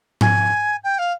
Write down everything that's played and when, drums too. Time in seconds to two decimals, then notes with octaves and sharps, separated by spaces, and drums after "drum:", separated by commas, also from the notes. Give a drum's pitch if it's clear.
0.21 G#5, drum: tom G#2
0.83 G5
0.98 F5